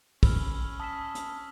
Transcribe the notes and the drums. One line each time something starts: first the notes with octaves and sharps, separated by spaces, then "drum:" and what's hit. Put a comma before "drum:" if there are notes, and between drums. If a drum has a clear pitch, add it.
C#4 B5 E6 F6, drum: kick, open hi-hat
A5 D#6 E6 B6 E7
drum: hi-hat